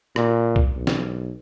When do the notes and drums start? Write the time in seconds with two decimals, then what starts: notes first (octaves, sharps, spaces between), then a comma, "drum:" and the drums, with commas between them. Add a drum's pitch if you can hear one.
0.16 A#2, drum: rim click
0.56 drum: kick
0.74 B1
0.87 drum: snare